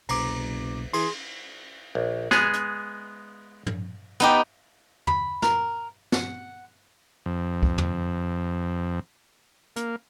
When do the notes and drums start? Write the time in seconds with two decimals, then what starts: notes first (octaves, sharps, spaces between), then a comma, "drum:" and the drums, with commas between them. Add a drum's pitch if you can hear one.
0.09 F#1 C2 B2 A#5 D6, drum: cymbal
0.93 E3 G#4 C6, drum: cymbal
1.95 A#1
2.31 G#3 B3 G#4, drum: snare
2.53 drum: hi-hat
3.66 drum: tom
4.20 B3 D#4 G4
5.07 B5, drum: tom
5.42 A#4, drum: snare
6.12 F#5, drum: snare
7.26 F2
7.63 drum: kick
7.78 drum: tom
9.76 A#3, drum: hi-hat